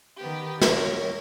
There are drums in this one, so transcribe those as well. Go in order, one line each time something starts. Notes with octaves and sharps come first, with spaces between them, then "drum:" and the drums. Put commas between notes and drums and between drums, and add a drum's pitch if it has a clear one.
D#3 B3 G4
A#4 C#5, drum: snare